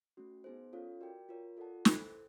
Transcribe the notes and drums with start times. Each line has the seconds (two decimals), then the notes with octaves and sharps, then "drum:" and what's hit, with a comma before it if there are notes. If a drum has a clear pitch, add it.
0.17 A3 C#4 F#4
0.44 B3 D#4 G#4 C5
0.73 C#4 F4 A4 C#5 F5
1.00 F#4 A#4 D5 G5
1.29 F4 A#4 C#5
1.57 F4 A4 D5 F#5 A5
1.85 E4 A4 C5, drum: snare